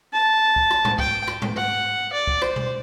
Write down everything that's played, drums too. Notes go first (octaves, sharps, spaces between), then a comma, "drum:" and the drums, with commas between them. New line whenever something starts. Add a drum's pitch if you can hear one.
A5
drum: kick
drum: rim click
drum: tom G#2
G5, drum: kick
drum: rim click
drum: tom G#2
F#5
D5
drum: kick
C5, drum: rim click
drum: tom B2